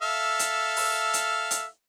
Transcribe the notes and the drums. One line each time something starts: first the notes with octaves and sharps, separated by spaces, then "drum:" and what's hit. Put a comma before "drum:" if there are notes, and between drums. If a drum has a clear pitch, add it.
A4 E5 F5
drum: hi-hat
drum: open hi-hat
drum: hi-hat
drum: hi-hat